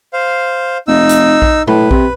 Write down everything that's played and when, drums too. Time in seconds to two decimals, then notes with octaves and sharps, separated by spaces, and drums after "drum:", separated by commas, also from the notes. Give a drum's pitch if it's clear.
0.13 C5 F5
0.88 F1 D#4 E6
1.09 drum: hi-hat
1.42 drum: kick A#1
1.67 A2 B4, drum: tom A#2
1.91 C3, drum: kick A#1